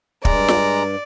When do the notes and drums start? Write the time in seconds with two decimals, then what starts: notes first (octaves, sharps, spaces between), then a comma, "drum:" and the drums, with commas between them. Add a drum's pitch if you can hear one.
0.25 G2 G#3 D5 A#5, drum: kick
0.48 drum: snare